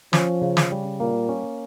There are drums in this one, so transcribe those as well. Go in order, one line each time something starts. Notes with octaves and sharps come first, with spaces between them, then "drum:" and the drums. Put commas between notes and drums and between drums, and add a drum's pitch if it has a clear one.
F3 C#4, drum: snare
C#3
drum: snare
G3
A#2 A#3
C#4